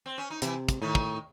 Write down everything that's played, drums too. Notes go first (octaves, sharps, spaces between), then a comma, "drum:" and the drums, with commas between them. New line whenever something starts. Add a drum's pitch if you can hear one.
C4
C#4
D#4
C3 E3 E4, drum: hi-hat
drum: kick, hi-hat
A2 D#3 D#4
drum: kick